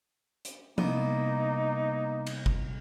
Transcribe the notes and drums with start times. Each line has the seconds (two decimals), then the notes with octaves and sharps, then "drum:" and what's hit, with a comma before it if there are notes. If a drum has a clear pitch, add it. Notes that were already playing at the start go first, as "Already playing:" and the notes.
0.45 drum: hi-hat
0.78 C2 A#3 B3 D#4, drum: tom
2.27 drum: cymbal
2.46 drum: kick G1